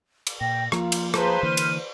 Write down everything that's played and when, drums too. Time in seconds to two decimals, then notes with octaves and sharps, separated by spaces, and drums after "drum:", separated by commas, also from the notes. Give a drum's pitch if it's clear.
0.27 drum: cymbal
0.41 A#2 G5 A#6
0.72 F3 A#3 F4 A#5, drum: rim click
0.92 drum: cymbal
1.14 F4 G#4 B4 C5 A5 A#5, drum: rim click
1.43 D3 E3 A#3 F6 D#7
1.57 drum: cymbal